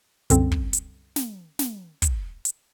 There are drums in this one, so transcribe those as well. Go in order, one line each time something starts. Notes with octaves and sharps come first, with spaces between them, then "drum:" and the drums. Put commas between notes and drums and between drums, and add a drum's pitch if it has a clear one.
C2 F#2 D3 C4, drum: hi-hat
drum: kick
drum: hi-hat
drum: snare
drum: snare
drum: kick, hi-hat
drum: hi-hat